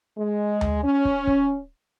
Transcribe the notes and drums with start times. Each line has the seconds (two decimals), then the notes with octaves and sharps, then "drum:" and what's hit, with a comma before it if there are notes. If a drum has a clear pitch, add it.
0.17 G#3
0.61 drum: tom D2
0.83 C#4
1.05 drum: kick
1.27 drum: kick